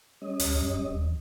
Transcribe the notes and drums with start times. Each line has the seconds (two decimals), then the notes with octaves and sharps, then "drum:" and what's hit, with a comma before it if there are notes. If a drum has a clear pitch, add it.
0.21 G3 C#4 D#5
0.40 D2, drum: open hi-hat
0.55 F#2
0.73 D1
0.91 D#2
1.03 E2